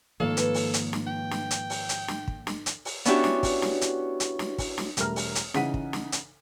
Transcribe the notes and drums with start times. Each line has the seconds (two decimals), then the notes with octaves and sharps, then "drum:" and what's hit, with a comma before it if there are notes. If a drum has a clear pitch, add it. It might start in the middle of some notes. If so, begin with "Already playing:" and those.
0.20 G#2 D#3 F3 A#3 A4 C#5 F5
0.37 B4, drum: hi-hat
0.54 drum: open hi-hat
0.74 drum: hi-hat
0.93 drum: snare
1.07 G5
1.31 drum: snare
1.51 drum: hi-hat
1.70 drum: open hi-hat
1.89 drum: hi-hat
2.08 drum: snare
2.28 drum: kick
2.47 drum: snare
2.66 drum: hi-hat
2.85 drum: open hi-hat
3.05 B3 C#4 D4 E4 F#4 G4, drum: hi-hat
3.24 drum: snare
3.43 drum: kick, open hi-hat
3.62 drum: snare
3.81 drum: hi-hat
4.20 drum: hi-hat
4.39 drum: snare
4.58 drum: kick, open hi-hat
4.78 drum: snare
4.97 E1 G3 A3 A#4 A#5 F6, drum: hi-hat
5.16 drum: open hi-hat
5.35 drum: hi-hat
5.54 C#3 E3 D#4 F#5 B6 D#7, drum: snare
5.74 drum: kick
5.93 drum: snare
6.12 drum: hi-hat